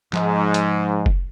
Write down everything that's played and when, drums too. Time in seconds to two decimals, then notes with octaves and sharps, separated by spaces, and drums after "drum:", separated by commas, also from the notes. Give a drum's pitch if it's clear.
0.13 G#2 F3, drum: clap
0.54 drum: hi-hat
1.06 drum: kick F1